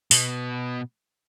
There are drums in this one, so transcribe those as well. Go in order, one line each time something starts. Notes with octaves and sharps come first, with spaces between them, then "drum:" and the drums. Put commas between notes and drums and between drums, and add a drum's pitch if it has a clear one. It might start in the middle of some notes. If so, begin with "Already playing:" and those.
B2 B3, drum: open hi-hat